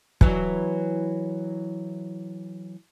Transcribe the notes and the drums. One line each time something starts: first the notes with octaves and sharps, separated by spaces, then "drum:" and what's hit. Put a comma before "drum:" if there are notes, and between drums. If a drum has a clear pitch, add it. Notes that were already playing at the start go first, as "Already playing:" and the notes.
E3 F#3, drum: kick